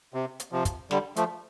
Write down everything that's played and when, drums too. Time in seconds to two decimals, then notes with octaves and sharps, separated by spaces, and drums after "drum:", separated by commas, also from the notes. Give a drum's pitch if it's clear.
0.14 C3
0.40 drum: hi-hat
0.52 C3 F3
0.65 drum: kick, hi-hat
0.91 D3 G3, drum: snare
1.16 F3 A3, drum: hi-hat